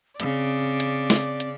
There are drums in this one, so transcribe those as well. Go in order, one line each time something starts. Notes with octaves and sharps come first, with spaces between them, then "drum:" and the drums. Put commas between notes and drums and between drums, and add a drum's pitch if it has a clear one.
C#3 C4 D5, drum: hi-hat
drum: hi-hat
drum: snare
drum: hi-hat